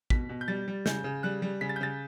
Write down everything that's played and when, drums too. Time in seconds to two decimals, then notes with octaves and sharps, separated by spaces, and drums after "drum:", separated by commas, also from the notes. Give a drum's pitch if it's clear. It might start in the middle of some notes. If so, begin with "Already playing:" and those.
0.10 B2 B6, drum: kick
0.29 B2
0.41 G6
0.48 G3 A6
0.68 G3
0.86 C#3 G6, drum: snare
1.04 C#3
1.23 G3 F#6
1.42 G3
1.61 C#3 B6
1.69 A6
1.76 G6
1.81 C#3 A6